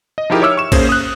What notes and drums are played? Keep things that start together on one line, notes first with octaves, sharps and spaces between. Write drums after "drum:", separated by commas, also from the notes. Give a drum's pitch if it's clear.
D#5
F3 D#4 E4 G4 G#4 A#4
C#5 E5 D6 E6 F6
C#6 E7
A#3 C#4 G#4 C5, drum: kick A#1, cymbal
D#6 F#6